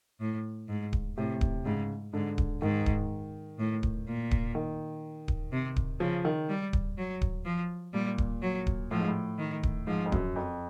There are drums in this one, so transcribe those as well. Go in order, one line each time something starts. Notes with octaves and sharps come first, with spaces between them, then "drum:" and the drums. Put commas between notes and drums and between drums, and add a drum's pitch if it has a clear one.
A2
G#2
drum: kick D1
A2 C3
drum: kick D1
G#2 C#3
G#2 D3
drum: kick D1
G#2 D#3
drum: kick D1
A2
drum: kick D1
A#2
drum: kick D1
D#3
drum: kick D1
C3
drum: kick D1
C#3 F3
D#3
G3
drum: kick D1
F#3
drum: kick D1
F3
A#2 G3
drum: kick D1
F#3
drum: kick D1
A2 F3
G#2
A2
D#3
drum: kick D1
G#2 F3
F2
F#2, drum: kick D1
F2